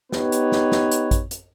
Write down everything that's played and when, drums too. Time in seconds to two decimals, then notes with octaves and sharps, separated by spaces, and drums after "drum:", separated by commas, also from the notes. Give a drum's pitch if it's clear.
0.12 B3 D#4 G4 B4 C#5, drum: snare
0.32 drum: hi-hat
0.52 drum: snare
0.72 drum: snare
0.91 drum: hi-hat
1.11 drum: kick, hi-hat
1.31 drum: hi-hat